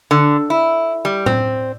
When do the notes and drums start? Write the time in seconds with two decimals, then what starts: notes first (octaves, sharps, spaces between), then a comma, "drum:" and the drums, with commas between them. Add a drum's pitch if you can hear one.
0.11 D3
0.50 E4
1.05 G3
1.26 C4, drum: tom A2